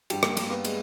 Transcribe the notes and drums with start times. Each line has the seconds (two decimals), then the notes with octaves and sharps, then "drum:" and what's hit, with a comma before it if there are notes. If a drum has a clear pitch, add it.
0.10 G2 G3 G4, drum: cymbal
0.23 A#3, drum: rim click
0.37 A#3, drum: cymbal
0.50 B3
0.65 G#3, drum: cymbal